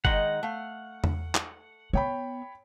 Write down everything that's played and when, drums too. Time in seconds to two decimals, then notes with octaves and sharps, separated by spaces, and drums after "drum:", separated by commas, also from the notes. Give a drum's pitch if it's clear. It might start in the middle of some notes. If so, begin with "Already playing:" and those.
0.05 D#3 G#3 D#4 F#5, drum: kick F#1
0.43 A3 F5
1.04 drum: tom E2
1.35 drum: clap
1.93 B3 C#5 G5 B5